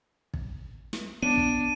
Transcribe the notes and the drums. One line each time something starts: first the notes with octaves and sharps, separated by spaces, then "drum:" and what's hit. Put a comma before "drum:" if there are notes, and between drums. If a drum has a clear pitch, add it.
drum: kick
drum: snare
B3 D4 D#7
drum: kick